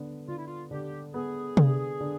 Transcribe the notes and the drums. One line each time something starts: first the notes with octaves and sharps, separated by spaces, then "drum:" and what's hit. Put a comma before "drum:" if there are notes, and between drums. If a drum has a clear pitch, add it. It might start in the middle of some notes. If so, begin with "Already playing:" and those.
Already playing: D3 B3
D3 F4
E4
F4
D3 G4
B3 G#4
D3, drum: tom C3
D3